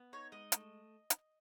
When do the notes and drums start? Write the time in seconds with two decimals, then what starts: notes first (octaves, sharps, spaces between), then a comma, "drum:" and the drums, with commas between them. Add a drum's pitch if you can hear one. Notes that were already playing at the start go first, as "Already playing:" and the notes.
Already playing: B3
0.13 D#4 C#5
0.32 G#3 D#5
0.52 A3, drum: hi-hat
1.10 drum: hi-hat